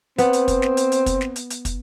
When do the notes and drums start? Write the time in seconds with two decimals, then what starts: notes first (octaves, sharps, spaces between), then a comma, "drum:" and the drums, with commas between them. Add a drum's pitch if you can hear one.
0.18 B3 C4, drum: hi-hat
0.33 drum: hi-hat
0.48 drum: kick, hi-hat
0.62 drum: snare
0.77 drum: hi-hat
0.92 drum: hi-hat
1.06 drum: kick, hi-hat
1.21 drum: snare
1.36 drum: hi-hat
1.50 drum: hi-hat
1.65 drum: kick, hi-hat